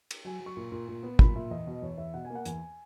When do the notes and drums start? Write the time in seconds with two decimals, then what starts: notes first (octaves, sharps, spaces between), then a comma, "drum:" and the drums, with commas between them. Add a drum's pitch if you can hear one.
0.11 drum: cymbal
0.25 F#3 G#5
0.40 F#3
0.46 C#6
0.57 A#2
0.72 A#2
0.88 A#2
1.03 B3
1.19 A#2 B5, drum: kick
1.35 A#2 E5
1.51 E2 D#5
1.67 B2
1.82 E2 C#5
1.98 E2 E5
2.14 B2 F#5
2.25 G#5
2.30 A#3
2.35 F#5
2.45 E2 G#5, drum: hi-hat